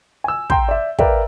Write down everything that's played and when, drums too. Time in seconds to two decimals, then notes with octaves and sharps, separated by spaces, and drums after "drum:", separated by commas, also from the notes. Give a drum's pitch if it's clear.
0.24 G#5 E6
0.50 G5 A#5 C6 G6, drum: kick
0.68 D5 E5
0.99 A#4 B4 D5 E5 F5 G5, drum: kick